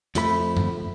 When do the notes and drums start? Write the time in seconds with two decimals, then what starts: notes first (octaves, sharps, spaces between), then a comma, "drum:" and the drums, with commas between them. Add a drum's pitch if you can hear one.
0.15 F2 F3 A3 B5, drum: hi-hat
0.57 drum: tom F#2